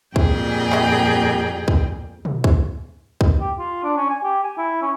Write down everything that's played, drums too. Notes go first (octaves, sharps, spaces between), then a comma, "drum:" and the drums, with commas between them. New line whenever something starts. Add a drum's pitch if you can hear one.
F2 A#2 G3 G#4 G5, drum: kick
drum: clap
drum: kick
drum: tom
drum: kick
drum: kick
G4
F4
D4
C#4
G#5
G4
G#5
E4
C#4